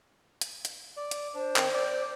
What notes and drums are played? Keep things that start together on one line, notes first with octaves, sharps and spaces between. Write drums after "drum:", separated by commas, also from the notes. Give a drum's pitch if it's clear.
drum: hi-hat
drum: hi-hat
D5
drum: hi-hat
D4 C5
D#3 C4, drum: clap
D5